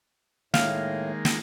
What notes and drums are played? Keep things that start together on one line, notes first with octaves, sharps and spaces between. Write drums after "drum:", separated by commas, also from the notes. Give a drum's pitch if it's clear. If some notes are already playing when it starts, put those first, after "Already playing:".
A2 D#3 G#3 A#3 F5, drum: snare
drum: snare